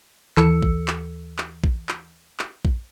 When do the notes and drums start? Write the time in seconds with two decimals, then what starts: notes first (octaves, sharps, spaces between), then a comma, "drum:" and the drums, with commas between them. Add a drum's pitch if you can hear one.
0.37 D#2 E3 A4 E6 C#7, drum: clap
0.62 drum: kick A#1
0.88 drum: clap
1.38 drum: clap
1.64 drum: kick A#1
1.89 drum: clap
2.39 drum: clap
2.65 drum: kick A#1